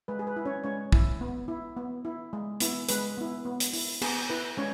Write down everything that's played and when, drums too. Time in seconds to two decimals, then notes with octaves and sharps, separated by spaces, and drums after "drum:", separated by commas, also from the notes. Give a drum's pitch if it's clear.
0.08 G#3 B4
0.19 G#4
0.27 B4
0.36 E4
0.45 C#4 C#5
0.64 G#3 C#4 C#5
0.92 E4, drum: kick
1.21 B3
1.48 E4
1.77 B3
2.05 E4
2.33 G#3
2.60 B3 E4, drum: hi-hat
2.89 G#3 B4, drum: hi-hat
3.17 B3 E4
3.45 B3
3.60 drum: hi-hat
3.73 E4, drum: open hi-hat
4.02 B3 G#4, drum: cymbal
4.30 E4 B4
4.57 G#3 C#4 C#5